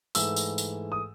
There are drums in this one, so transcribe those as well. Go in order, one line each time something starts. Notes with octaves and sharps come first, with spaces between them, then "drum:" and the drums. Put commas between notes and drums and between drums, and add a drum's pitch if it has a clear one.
G#2 E3 A3 E6, drum: tambourine
drum: tambourine
drum: tambourine
D#6